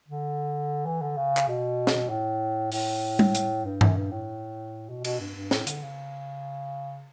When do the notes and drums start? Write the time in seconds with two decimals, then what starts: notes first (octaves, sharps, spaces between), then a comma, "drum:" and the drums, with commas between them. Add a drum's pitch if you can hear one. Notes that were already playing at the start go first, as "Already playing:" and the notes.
0.09 D3
0.86 E3
1.02 D3
1.17 C#3
1.37 drum: clap
1.48 B2
1.87 drum: snare
2.09 A2
2.72 A2, drum: open hi-hat
3.19 drum: tom G3
3.35 drum: hi-hat
3.65 G2
3.81 F#2, drum: tom G2
3.96 G2
4.11 A2
4.89 B2
5.05 B2, drum: cymbal
5.20 G2
5.35 G2
5.51 A2, drum: snare
5.67 D3, drum: hi-hat
5.83 C#3